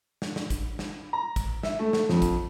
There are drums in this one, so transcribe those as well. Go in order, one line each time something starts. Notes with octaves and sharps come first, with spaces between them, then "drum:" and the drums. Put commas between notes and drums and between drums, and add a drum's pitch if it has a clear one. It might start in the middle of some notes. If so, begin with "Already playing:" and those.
drum: snare
drum: snare
drum: kick, hi-hat
drum: snare
A#5
drum: kick, hi-hat
E5, drum: snare
A3
drum: snare
F2, drum: snare
drum: kick, hi-hat